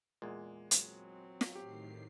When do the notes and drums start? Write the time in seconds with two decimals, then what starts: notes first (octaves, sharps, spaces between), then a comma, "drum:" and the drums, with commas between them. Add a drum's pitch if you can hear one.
0.22 E2 A#2 G#3
0.71 F#3 C4, drum: hi-hat
1.41 drum: snare
1.55 A2 D#3 G4 C7